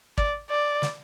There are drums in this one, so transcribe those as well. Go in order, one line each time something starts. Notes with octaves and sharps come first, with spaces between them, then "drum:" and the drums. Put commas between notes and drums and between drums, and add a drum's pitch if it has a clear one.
D5, drum: kick
D5
drum: snare